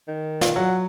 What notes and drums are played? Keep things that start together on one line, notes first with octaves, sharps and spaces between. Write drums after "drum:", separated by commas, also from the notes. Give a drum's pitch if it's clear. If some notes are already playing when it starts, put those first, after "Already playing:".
D#3
F4 D5 F5, drum: snare
F#3 F#5